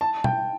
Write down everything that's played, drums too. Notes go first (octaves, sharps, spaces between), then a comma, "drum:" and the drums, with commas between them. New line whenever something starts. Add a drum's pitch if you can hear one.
A5
G5, drum: tom